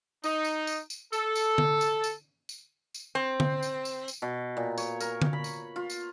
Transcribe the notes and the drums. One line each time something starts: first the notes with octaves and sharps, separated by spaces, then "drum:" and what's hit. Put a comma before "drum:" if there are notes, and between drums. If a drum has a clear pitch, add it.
D#4, drum: tambourine
drum: tambourine
drum: tambourine
drum: tambourine
A4, drum: tambourine
drum: tambourine
drum: tom D3
drum: tambourine
drum: tambourine
drum: tambourine
drum: tambourine
C4
drum: tom D3
drum: tambourine
drum: tambourine
drum: tambourine
B2
A#2
C#5, drum: tambourine
A#4, drum: tambourine
drum: tom D3
B5
drum: tambourine
F4
drum: tambourine